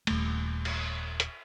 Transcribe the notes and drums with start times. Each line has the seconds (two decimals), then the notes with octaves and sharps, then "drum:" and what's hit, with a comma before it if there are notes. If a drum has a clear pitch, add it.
0.07 D#1 A3, drum: cymbal
0.65 drum: cymbal
1.20 drum: hi-hat